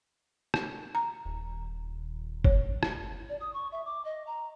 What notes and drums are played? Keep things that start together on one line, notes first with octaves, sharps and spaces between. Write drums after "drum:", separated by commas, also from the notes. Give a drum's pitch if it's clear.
drum: rim click
A#5
D#1
C#5, drum: kick F#1
drum: rim click
D5
D#6
C#6
E5
D6
D#5
A#5